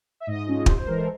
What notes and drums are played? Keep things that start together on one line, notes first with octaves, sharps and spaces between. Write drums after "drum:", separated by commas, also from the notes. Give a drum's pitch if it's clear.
E5
G#2 D#5
F3 G#3 C#4
C3 C5, drum: kick
C5
E3 G#3 A#4
A4